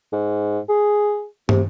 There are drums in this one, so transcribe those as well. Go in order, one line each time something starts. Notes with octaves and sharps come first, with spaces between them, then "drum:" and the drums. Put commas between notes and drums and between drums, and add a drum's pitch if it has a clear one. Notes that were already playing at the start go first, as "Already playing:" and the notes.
G#2
G#4
C3, drum: tom